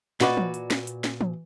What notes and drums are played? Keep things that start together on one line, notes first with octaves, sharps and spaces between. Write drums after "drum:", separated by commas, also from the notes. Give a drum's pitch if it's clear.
A#2 F#4 B4 D5 D#5, drum: snare
drum: tom E3
drum: hi-hat
drum: snare
drum: hi-hat
drum: snare
drum: tom E3